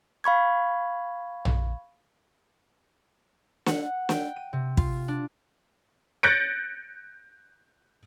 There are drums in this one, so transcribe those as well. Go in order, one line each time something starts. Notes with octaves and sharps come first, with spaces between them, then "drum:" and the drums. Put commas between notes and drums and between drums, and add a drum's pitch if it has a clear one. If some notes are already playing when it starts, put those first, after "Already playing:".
F5 B5 C#6 G#6
drum: tom A#1
F#5, drum: snare
G5, drum: snare
D#7
C3
F4, drum: kick
D4
F#6 G6 A6 A#6 C#7 D7